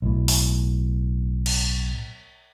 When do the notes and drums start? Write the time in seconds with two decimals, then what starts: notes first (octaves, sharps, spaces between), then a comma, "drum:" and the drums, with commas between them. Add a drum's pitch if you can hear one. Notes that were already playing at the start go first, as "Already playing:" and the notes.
0.02 B1 A2
0.28 drum: open hi-hat
1.46 drum: cymbal